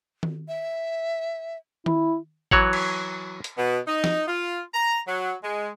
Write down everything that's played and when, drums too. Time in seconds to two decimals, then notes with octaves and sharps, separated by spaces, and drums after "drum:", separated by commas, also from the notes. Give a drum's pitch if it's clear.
0.23 drum: tom D#3
0.48 E5
1.86 E4, drum: tom D#3
2.51 E3 F#3 C#5 F#5, drum: kick G#1
2.73 drum: cymbal
3.44 drum: hi-hat
3.57 B2
3.87 D#4
4.04 drum: snare
4.27 F4
4.74 A#5
5.07 F#3
5.44 G#3